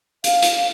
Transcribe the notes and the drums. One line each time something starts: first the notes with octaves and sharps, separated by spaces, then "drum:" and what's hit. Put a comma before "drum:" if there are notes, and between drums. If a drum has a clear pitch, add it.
F5, drum: hi-hat
drum: hi-hat